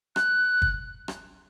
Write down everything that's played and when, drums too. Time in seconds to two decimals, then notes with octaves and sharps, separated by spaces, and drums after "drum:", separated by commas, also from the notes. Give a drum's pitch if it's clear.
0.16 F#6, drum: rim click
0.62 drum: kick
1.08 drum: rim click